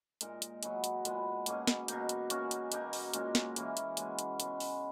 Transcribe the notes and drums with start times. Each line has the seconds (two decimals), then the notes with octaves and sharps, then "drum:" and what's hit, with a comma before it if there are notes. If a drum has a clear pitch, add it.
0.21 A#2 G#3 D#4 A#4, drum: hi-hat
0.42 drum: hi-hat
0.63 F#3 B3 D#4 G#4, drum: hi-hat
0.84 drum: hi-hat
1.05 A#2 G#3 B3, drum: hi-hat
1.46 B2 A#3 C#4 G#4, drum: hi-hat
1.67 drum: snare
1.88 B2 A#3 D#4, drum: hi-hat
2.09 drum: hi-hat
2.30 A#3 C#4 F#4, drum: hi-hat
2.51 drum: hi-hat
2.72 B2 A#3 D#4, drum: hi-hat
2.93 drum: open hi-hat
3.14 A#2 G#3 C#4, drum: hi-hat
3.35 drum: snare
3.56 E3 A#3 C#4 G#4, drum: hi-hat
3.77 drum: hi-hat
3.97 C#3 G#3 B3, drum: hi-hat
4.19 drum: hi-hat
4.40 C#3 G#3 B3, drum: hi-hat
4.60 drum: open hi-hat